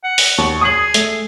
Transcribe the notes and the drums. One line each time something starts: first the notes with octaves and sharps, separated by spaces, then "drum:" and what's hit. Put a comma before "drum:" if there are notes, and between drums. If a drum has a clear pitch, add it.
F#5
drum: open hi-hat
D#2
G#4 D#6 F#7
A3, drum: hi-hat